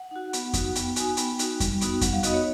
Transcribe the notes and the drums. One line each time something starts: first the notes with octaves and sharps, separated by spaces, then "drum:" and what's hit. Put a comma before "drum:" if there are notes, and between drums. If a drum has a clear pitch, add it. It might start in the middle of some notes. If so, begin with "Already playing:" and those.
Already playing: F#5
D#4 F#4
B3, drum: hi-hat
D#4 F#4, drum: kick F2, hi-hat
B3 G5, drum: hi-hat
D#4 F#4 G#5, drum: hi-hat
B3 G5, drum: hi-hat
D#4 F#4, drum: hi-hat
G3, drum: kick F2, hi-hat
B3 D#4 F#4, drum: hi-hat
G3 F#5, drum: kick F2, hi-hat
F5
B3 D#4 F#4 D#5, drum: hi-hat
C#5